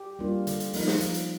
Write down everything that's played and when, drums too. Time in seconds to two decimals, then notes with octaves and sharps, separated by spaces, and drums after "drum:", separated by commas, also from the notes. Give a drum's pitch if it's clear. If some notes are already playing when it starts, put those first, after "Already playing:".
Already playing: G4
0.19 G3 A#3 D4 F4
0.47 D3, drum: hi-hat
0.60 drum: hi-hat
0.73 F3 A#3 D#4, drum: open hi-hat
0.87 drum: snare
1.00 F3, drum: hi-hat
1.14 drum: hi-hat